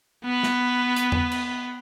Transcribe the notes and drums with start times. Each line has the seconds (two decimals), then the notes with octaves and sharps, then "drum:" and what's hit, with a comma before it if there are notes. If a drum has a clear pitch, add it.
0.24 B3 B4
0.43 drum: snare
0.96 drum: hi-hat
1.12 drum: tom E2
1.31 drum: cymbal